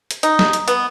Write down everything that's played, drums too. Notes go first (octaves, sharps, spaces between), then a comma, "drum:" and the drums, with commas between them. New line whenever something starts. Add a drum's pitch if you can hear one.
drum: hi-hat
D#4, drum: hi-hat
drum: snare
drum: hi-hat
B3, drum: hi-hat